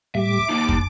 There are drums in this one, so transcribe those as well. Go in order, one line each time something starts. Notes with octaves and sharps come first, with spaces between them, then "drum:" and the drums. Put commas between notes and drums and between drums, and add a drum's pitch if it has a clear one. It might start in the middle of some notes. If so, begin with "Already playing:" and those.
A2 G3 E5 D6
A#3 D#4 A5
drum: kick